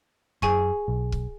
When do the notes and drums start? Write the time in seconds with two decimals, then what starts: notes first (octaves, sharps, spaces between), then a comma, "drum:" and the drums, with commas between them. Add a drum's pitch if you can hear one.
0.42 F#2 G#4 G#5 C#6, drum: kick
0.88 B1
1.12 drum: kick